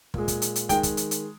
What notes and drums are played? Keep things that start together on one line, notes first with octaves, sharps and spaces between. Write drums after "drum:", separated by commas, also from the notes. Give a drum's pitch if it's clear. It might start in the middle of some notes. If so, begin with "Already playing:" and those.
A#2 G#3, drum: kick
drum: kick, hi-hat
drum: hi-hat
drum: hi-hat
D#3 G#3 G5, drum: kick, hi-hat
drum: kick, hi-hat
drum: hi-hat
drum: hi-hat